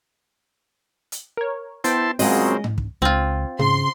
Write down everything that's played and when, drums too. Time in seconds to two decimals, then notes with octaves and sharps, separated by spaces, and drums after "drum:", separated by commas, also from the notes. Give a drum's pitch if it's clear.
1.12 drum: hi-hat
1.37 A#4 C#5
1.84 B3 E4 C5 G5 A5 C6, drum: hi-hat
2.19 A#2 C#3 F#3 G#3 C4 D#5, drum: open hi-hat
2.64 drum: tom G#2
2.78 drum: kick
3.02 C#2 C4 F4
3.59 C#3 C6, drum: tom G#2